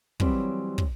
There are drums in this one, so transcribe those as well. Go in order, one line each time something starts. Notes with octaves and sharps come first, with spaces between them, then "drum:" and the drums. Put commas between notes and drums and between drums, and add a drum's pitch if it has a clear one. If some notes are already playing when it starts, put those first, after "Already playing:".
E3 F#3 G3 C4 C#5, drum: kick
drum: kick